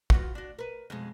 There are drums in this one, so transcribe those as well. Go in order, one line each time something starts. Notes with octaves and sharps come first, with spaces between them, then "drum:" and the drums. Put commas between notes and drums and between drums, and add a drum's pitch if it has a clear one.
F4 F#4 B4, drum: kick
D4 F#4
A#4 B4
F2 B2 G#3